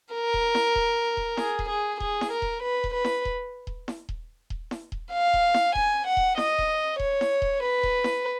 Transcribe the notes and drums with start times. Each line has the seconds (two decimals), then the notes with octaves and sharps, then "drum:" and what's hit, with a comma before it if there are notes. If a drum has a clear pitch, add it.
0.13 A#4
0.34 drum: kick D#1
0.55 drum: snare E4
0.75 drum: kick D#1
1.17 drum: kick D#1
1.37 G#4, drum: snare E4
1.59 drum: kick D#1
1.69 G#4
2.00 G#4, drum: kick D#1
2.21 drum: snare E4
2.32 A#4
2.42 drum: kick D#1
2.63 B4
2.84 drum: kick D#1
2.94 B4
3.05 drum: snare E4
3.25 drum: kick D#1
3.67 drum: kick D#1
3.88 drum: snare E4
4.09 drum: kick D#1
4.50 drum: kick D#1
4.71 drum: snare E4
4.92 drum: kick D#1
5.12 F5
5.34 drum: kick D#1
5.54 drum: snare E4
5.75 G#5, drum: kick D#1
6.07 F#5
6.17 drum: kick D#1
6.38 D#5, drum: snare E4
6.58 drum: kick D#1
7.00 C#5, drum: kick D#1
7.21 drum: snare E4
7.42 drum: kick D#1
7.63 B4
7.83 drum: kick D#1
8.04 drum: snare E4